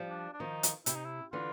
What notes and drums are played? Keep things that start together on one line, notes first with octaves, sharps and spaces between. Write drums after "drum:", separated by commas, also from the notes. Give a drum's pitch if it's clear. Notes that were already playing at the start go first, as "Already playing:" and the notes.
Already playing: F3 G3
D4
D4
D#3 F3 D#4
drum: hi-hat
C3 E4, drum: hi-hat
D#4
E4
D3 E3 F4